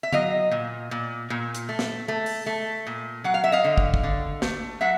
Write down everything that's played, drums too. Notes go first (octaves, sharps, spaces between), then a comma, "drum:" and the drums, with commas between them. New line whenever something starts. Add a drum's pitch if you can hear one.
E5
F#3 D#5 F5, drum: tom D3
A#2
A#2
A#2
drum: hi-hat
A3
drum: snare
A3
drum: open hi-hat
A3
A#2
F#3 F#5
F5
E5
D#5 F5
D3
drum: kick
drum: kick
D3
A3, drum: snare
F#3 E5 F#5